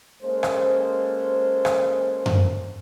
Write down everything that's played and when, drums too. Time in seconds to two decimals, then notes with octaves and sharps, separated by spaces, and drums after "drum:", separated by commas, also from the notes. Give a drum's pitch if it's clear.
0.22 G#3 A#3 C#4 A4 C5
0.43 drum: rim click
1.65 drum: rim click
2.26 drum: tom F#2